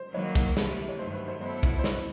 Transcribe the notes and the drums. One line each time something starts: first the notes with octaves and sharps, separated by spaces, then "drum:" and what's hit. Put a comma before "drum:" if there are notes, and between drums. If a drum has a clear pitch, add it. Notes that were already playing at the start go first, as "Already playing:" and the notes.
Already playing: C5
D#3 F#3 A#3 B4 C#5
drum: kick
C3 E3 A3 B4, drum: snare
C#5
G2 D#3 F#3 A3 C5
B4
C5
A2 F#3 B3 E4 A4 C5
drum: kick
C5
B4 C#5, drum: snare